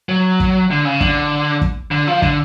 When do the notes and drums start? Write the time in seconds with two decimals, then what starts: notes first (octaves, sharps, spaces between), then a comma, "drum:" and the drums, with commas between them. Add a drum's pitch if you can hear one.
0.09 F#3
0.40 drum: kick
0.71 D3
0.85 C#3
1.01 D3, drum: kick
1.61 drum: kick
1.91 D3
2.08 F3
2.22 D3, drum: kick